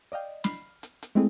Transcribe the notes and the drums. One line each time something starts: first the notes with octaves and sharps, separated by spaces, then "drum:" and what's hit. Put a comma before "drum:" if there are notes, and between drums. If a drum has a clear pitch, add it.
D5 D#5 F5 G5
B5 F6 C7, drum: snare
drum: hi-hat
drum: hi-hat
G#3 A3 C4 E4 G#4 D#5